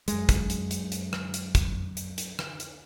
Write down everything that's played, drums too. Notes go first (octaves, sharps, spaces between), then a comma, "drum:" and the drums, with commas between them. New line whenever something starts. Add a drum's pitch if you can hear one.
F#2 G#3, drum: hi-hat
drum: kick, hi-hat
drum: hi-hat
drum: hi-hat
drum: hi-hat
drum: rim click
drum: hi-hat
drum: kick, hi-hat
drum: hi-hat
drum: hi-hat
drum: rim click
drum: hi-hat